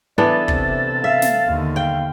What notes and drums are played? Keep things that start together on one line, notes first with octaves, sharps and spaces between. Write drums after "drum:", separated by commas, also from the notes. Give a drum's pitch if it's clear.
E3 B3 D4 A4 D5
C3, drum: kick
E5 F5
drum: snare
D#2 D3
F5 G5